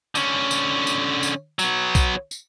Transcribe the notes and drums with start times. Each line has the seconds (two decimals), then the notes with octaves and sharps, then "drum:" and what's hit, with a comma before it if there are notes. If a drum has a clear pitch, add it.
0.15 D3 C#4, drum: tambourine
0.51 drum: tambourine
0.87 drum: tambourine
1.23 drum: tambourine
1.59 F#3 B3, drum: tambourine
1.95 drum: kick, tambourine
2.31 drum: tambourine